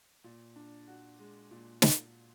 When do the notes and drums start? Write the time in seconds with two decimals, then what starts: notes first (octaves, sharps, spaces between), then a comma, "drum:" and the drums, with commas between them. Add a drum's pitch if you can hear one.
0.24 A#2
0.56 D4
0.88 F#4
1.19 G#3
1.51 A#2
1.82 drum: snare